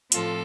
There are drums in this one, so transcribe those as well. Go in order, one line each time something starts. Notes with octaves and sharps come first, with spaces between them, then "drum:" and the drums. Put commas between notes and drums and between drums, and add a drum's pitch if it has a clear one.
A2 F3 C4 F4 A4, drum: hi-hat